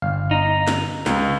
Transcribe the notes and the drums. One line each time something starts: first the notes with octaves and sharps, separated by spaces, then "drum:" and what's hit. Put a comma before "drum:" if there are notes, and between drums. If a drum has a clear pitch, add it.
G1 F5
D#4
drum: snare
C#2, drum: snare